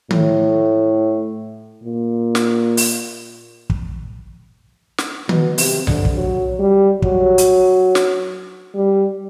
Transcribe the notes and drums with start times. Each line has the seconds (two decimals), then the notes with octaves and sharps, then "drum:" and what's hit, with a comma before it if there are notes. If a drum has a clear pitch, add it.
0.11 A2, drum: tom D#3
1.84 A#2
2.35 drum: snare
2.77 drum: open hi-hat
3.70 drum: kick
4.98 drum: snare
5.29 B2, drum: tom D#3
5.58 C3, drum: open hi-hat
5.87 D3, drum: tom B1
6.05 drum: kick
6.16 F#3
6.59 G3
7.02 F#3, drum: kick
7.38 drum: hi-hat
7.95 drum: snare
8.75 G3